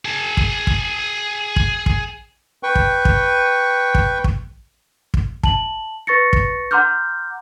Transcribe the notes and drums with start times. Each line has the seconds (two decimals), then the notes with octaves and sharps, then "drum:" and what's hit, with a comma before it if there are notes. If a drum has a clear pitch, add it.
0.05 G#4 A5
0.37 drum: kick
0.67 drum: kick
1.56 drum: kick
1.86 drum: kick
2.63 B4 G5 C#6
2.75 drum: kick
3.05 drum: kick
3.95 drum: kick
4.24 drum: kick
5.14 drum: kick
5.43 A5 F#7, drum: kick
6.07 B4 C#6 A6 A#6 C#7
6.33 drum: kick
6.71 F#5 A#5 C6 D6 F6 G6